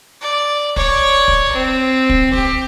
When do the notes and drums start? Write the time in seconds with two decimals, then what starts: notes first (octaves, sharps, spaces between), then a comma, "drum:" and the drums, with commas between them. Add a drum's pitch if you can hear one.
0.21 D5
0.76 C#5 D5, drum: kick
1.28 drum: kick
1.53 C4
2.09 drum: kick
2.33 G4, drum: kick